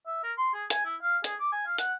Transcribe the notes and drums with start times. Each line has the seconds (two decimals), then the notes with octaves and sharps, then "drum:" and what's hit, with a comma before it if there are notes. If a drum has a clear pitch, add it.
0.07 E5
0.23 A#4
0.38 C6
0.54 G#4
0.70 G#5, drum: hi-hat
0.85 E4
1.02 F5
1.24 G#4, drum: hi-hat
1.40 D6
1.52 G#5
1.66 F5
1.78 F#5, drum: hi-hat